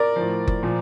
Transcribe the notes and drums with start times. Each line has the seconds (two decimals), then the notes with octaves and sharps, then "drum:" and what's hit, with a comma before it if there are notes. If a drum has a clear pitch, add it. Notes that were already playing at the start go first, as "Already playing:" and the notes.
Already playing: A#4 D5
0.16 A2 F3
0.48 drum: kick F#1
0.63 A#2 F3